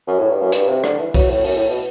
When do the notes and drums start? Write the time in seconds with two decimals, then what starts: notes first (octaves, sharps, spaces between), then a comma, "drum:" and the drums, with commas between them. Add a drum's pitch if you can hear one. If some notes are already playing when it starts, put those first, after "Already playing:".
0.07 F#2
0.18 A2
0.30 G2
0.41 F#2
0.52 G2, drum: hi-hat
0.68 C3
0.84 D3, drum: rim click
0.99 E3
1.14 F#3, drum: kick, open hi-hat
1.29 A2
1.45 F#2, drum: open hi-hat
1.56 A2
1.68 B2